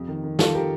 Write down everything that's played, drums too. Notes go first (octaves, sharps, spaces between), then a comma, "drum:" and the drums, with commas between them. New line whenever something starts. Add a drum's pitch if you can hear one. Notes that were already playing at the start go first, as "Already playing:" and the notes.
Already playing: F2 C3
D#3
D#3
D#3 F4 A4, drum: snare
G4 A#4